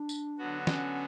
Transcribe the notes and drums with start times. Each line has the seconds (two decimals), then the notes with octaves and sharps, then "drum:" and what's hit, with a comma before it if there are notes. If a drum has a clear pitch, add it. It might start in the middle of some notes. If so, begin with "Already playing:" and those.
Already playing: D4
0.09 drum: tambourine
0.38 D3 F#3 B3 F#4
0.67 C#4, drum: snare